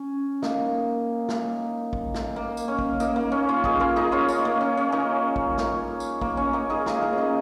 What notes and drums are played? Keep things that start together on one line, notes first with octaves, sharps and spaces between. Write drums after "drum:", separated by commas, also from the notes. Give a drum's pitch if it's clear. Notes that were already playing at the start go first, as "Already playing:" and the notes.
Already playing: C#4
A#3 D#4, drum: snare
drum: snare
drum: kick
drum: snare
A#3
drum: tambourine
C#4
drum: kick
A#3 D#4, drum: tambourine
A#3
C#4
C#4 F4
D#4 G#4, drum: kick
F4 A#4
D#4 G#4
C#4 F4
C#4, drum: tambourine
A#3
C#4
C#4
A#3 D#4
drum: kick
drum: snare
drum: tambourine
A#3, drum: kick
C#4
A#3 D#4
D#4 G#4
F4 A#4, drum: snare
D#4 G#4
C#4
A#3 D#4